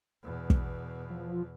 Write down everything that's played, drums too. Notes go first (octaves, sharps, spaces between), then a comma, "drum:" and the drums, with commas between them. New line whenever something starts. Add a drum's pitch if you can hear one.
E2 B2
drum: kick
F3